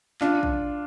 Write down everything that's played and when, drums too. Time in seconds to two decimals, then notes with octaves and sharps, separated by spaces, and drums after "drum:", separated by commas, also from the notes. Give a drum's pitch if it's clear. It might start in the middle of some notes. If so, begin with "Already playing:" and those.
0.21 D4 F4, drum: clap
0.43 drum: kick